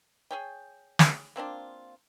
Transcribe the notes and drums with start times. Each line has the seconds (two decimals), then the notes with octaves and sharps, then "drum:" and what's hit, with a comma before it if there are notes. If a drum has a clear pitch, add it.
0.31 G#4 C#5 G5
0.99 drum: snare
1.36 A#3 C4 D4 F4